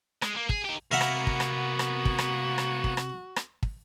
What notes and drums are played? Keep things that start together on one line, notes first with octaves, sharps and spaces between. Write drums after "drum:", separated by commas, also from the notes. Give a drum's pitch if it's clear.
G#3, drum: rim click
A#3
G#4, drum: kick
D#4 G4
C3 A#3 B3 F#4 A#4 E5 F#5
drum: rim click
drum: kick
drum: rim click
drum: rim click
drum: kick
drum: rim click
drum: rim click
drum: kick
drum: rim click
drum: rim click
drum: kick